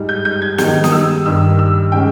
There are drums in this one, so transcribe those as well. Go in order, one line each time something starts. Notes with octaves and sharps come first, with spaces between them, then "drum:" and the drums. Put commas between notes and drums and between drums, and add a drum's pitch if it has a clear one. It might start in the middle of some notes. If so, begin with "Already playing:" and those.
Already playing: G#2 G3
G6
G6
G#6
G#2 D#3 G3 G6, drum: snare
D#6, drum: snare
E6
G2 D#3 G3 E6
E6
C#3 G#3 G5